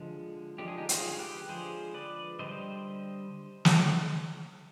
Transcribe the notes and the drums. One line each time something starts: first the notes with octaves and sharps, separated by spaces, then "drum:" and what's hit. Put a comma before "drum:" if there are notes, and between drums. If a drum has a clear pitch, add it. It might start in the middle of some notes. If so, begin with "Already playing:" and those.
Already playing: D3 F3 G#3
D3 F3 G#3 G4
G#4
D#4 G4
F4 G#4, drum: hi-hat
G4 B4
D3 F3 G#3 G#4 C5
B4 D5
D3 G3 C5 D#5
drum: snare